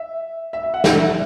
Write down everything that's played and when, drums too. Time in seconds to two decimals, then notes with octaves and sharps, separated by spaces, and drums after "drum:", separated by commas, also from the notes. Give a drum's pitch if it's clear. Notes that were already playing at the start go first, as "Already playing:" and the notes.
Already playing: E5
0.53 E5
0.63 E5
0.74 F#5
0.84 E5, drum: snare